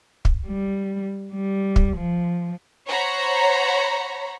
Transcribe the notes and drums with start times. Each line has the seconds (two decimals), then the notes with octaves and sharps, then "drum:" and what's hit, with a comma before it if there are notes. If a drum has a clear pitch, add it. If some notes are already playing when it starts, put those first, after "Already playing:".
0.25 drum: kick
0.46 G3
1.34 G3
1.76 drum: kick
1.97 F3
2.87 C5 C#5 F#5 A#5 B5